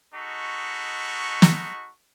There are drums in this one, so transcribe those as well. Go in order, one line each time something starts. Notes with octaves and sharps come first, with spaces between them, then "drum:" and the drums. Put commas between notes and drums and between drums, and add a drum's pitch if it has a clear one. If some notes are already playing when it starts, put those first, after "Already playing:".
G#3 D#4 F#4 A4 B5 C#6
drum: snare